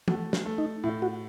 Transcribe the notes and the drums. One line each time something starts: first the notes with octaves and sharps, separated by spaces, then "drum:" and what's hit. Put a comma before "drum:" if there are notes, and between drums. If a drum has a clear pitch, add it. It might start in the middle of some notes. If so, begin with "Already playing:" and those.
A3 F#4, drum: tom
drum: snare
A3
D#4
A2 E4
F#4